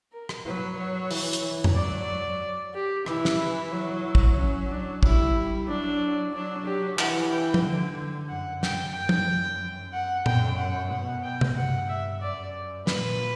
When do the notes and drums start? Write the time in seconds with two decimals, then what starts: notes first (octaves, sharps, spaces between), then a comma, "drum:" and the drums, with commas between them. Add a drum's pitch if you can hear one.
0.13 A#4
0.29 drum: rim click
0.45 F#3 B4
0.77 C#5
1.11 E3, drum: open hi-hat
1.33 drum: hi-hat
1.43 E3
1.64 drum: tom F2
1.76 F#3 D5
2.74 G4
3.06 E3 E4, drum: rim click
3.25 drum: snare
3.72 F#3
4.05 E4
4.15 drum: kick
4.37 F#3 C#4
4.70 D4
5.03 G3 E4, drum: kick
5.68 F#3 D4
6.33 F#3 D4
6.66 G4
6.99 E3 F#5, drum: clap
7.32 G5
7.54 drum: tom
7.64 D3
8.30 F#2 F#5
8.63 G5, drum: snare
8.95 F#2 G5
9.09 drum: tom
9.93 F#5
10.26 F#2 G5, drum: tom A#2
10.59 F#5
10.91 B2 F#5
11.24 G5
11.41 drum: tom
11.56 G2 F#5
11.89 E5
12.22 F#2 D5
12.87 A#2 B4, drum: snare